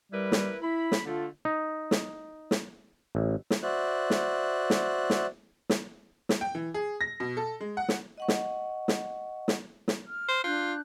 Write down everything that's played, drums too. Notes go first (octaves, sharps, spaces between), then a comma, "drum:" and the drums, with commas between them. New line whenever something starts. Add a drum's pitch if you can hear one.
G3 E4 A#4 B4
drum: snare
E4 B5
drum: snare
D3 A3 F4
D#4
drum: snare
drum: snare
A1
drum: snare
F#4 C5 D5 E5 F#6
drum: snare
drum: snare
drum: snare
drum: snare
drum: snare
G5
E3
G#4
A#6
B2
A4
G#3
F#5
drum: snare
D#5 F#5 C#6
drum: snare
drum: snare
drum: snare
drum: snare
F6
C5
D4 F4 F#6 G6